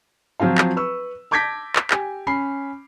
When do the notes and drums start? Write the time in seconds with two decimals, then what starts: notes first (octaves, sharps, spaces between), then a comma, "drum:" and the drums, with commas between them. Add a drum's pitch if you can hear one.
0.40 F3 F#3 C4 F4 F5
0.58 drum: clap
0.76 B4 C#6 E6
1.31 A5 D6 G6 G#6 A#6 B6
1.76 drum: clap
1.91 G4 G#5, drum: clap
2.27 C#4 B5 C7